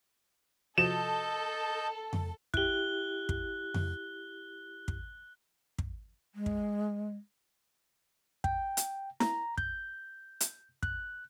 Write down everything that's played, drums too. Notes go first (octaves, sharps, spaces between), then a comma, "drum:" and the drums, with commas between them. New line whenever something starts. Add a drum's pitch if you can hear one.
C3 F3 F#4 A4 D#5 A5 G6 E7
drum: tom F2
E4 G4 F#6 G7, drum: kick
drum: kick
drum: tom F2
drum: kick
drum: kick
G#3
drum: kick
G5, drum: kick
drum: hi-hat
A#5, drum: snare E4
G6, drum: kick
drum: hi-hat
F#6, drum: kick